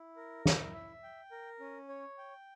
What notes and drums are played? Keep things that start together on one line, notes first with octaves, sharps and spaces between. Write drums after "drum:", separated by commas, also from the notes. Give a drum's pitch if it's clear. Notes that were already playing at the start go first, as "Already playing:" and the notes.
Already playing: E4
A#4
E4, drum: snare
E5
G5
A#4
C#4
C#5
G5